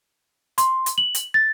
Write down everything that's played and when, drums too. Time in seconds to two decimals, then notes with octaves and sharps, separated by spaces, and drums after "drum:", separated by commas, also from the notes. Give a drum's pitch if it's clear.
0.58 C6, drum: hi-hat
0.86 drum: hi-hat
0.98 F#7
1.15 drum: hi-hat
1.34 A6